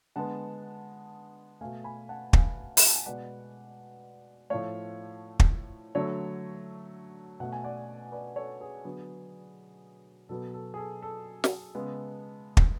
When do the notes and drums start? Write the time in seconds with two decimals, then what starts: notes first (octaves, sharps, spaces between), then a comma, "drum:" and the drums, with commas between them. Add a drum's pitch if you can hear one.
0.16 D3 G#3 B3 F#5 A5
1.61 B2 A3 F5 G#5
1.84 G#5 B5
2.09 F#5 A5
2.33 F5 G#5, drum: kick
2.77 B5, drum: open hi-hat
2.86 A5
2.96 G#5
3.06 B2 G#3 B3 D5 F#5
4.50 A2 F3 A3 C#5 F5
5.40 drum: kick
5.95 D3 F#3 A3 A4 C#5
7.40 B2 A3 F#5
7.53 G#5
7.64 D5 F#5
8.12 B4 D5
8.36 A4 C#5
8.61 G#4 B4
8.84 D3 F#3 B3
10.29 B2 F#3 B3 A4
10.54 A4
10.74 G#4
10.78 A4
11.02 A4
11.44 drum: snare
11.75 C#3 G#3 B3
12.57 drum: kick